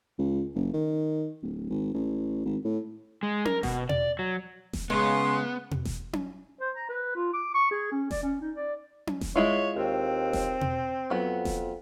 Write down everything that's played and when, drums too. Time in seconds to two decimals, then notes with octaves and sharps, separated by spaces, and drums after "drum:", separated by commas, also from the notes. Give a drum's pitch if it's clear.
0.19 C#2
0.55 F#1
0.73 D#3
1.43 D1
1.70 G#1
1.94 A1
2.46 G#1
2.64 A2
3.23 G#3
3.45 A#4, drum: tom C#4
3.63 B2, drum: snare E1
3.89 D5, drum: tom
4.19 F#3
4.73 drum: snare E1
4.90 C#3 G#3 B3 C6
5.71 drum: tom
5.85 drum: snare E1
6.13 drum: tom C#4
6.61 C5
6.75 A#5
6.89 B4
7.15 F4
7.33 D6
7.54 C#6
7.71 G#4
7.92 C#4
8.11 D5, drum: snare E1
8.23 C#4
8.41 D#4
8.56 D5
9.07 drum: tom C#4
9.21 drum: snare E1
9.36 G#3 E4 F4 C#5
9.76 D#2 C4
10.33 drum: snare E1
10.61 drum: tom
11.10 F2 F#3 B3
11.45 drum: snare E1